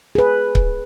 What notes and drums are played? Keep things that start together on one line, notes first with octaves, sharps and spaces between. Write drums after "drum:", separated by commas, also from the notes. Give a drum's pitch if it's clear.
G#4 B4
drum: kick C#1